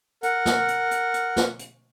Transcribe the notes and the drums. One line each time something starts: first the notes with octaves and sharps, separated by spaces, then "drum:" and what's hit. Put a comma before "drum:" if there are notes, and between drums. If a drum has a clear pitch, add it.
A#4 F#5, drum: hi-hat
drum: snare
drum: hi-hat
drum: hi-hat
drum: hi-hat
drum: snare
drum: hi-hat